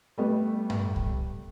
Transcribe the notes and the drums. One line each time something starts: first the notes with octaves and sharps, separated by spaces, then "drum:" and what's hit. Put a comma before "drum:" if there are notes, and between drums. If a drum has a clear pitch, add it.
G3 A3 B3
drum: tom G2
drum: kick C2